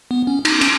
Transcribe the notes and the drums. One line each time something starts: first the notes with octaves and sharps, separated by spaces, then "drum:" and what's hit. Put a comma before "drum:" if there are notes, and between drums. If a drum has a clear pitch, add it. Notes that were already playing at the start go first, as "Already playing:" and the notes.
B3
C#4
D#4, drum: cymbal
C#4, drum: cymbal